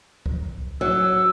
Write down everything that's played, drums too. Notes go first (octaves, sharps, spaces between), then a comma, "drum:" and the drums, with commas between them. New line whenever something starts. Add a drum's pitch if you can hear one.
drum: kick C2
F#3 E6